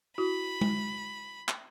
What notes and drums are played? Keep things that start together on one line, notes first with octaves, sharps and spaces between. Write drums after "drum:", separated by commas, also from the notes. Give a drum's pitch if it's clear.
E4 F#4 B5
drum: tom G#3
drum: clap